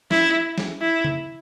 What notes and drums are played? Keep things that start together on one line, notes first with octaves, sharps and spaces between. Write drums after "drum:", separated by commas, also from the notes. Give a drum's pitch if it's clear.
E4, drum: snare
drum: snare
E4
drum: tom C#3